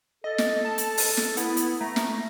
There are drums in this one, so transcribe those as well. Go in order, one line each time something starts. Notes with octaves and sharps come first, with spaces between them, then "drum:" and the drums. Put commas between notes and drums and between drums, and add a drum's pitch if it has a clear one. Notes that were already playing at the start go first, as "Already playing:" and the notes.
A4 D#5
drum: snare
A5
drum: hi-hat
drum: open hi-hat
drum: snare
B3 E4, drum: hi-hat
drum: hi-hat
A3 A#5
drum: snare